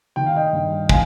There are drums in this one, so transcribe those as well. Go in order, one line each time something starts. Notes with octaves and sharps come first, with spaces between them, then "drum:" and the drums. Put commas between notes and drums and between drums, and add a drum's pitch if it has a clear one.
D#3 G5
F5
D#5 G5
G2
F5 G#5, drum: kick